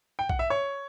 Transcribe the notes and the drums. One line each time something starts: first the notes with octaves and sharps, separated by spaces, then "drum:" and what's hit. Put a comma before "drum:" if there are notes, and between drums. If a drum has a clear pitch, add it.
G5
F#5, drum: kick A#1
E5
C#5